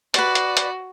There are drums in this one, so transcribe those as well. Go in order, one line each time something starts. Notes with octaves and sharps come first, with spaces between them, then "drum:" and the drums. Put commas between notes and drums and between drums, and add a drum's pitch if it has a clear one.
F#4 B4 D5, drum: hi-hat
drum: hi-hat
drum: hi-hat